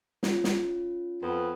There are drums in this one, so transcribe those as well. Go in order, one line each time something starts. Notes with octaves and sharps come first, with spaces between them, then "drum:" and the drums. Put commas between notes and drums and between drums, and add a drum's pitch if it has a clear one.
C#4 F4, drum: snare
drum: snare
F2 B3 B4